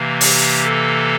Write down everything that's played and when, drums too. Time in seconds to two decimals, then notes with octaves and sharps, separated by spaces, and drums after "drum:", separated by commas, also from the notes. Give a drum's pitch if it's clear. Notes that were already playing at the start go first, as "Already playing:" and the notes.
Already playing: C3 E3 A#3
0.21 G4, drum: open hi-hat
0.64 A4